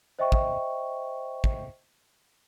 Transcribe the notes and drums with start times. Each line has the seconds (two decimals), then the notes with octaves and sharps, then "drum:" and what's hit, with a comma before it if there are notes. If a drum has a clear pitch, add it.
0.19 C5 D#5 E5 G5 C#6
0.32 drum: kick
1.44 drum: kick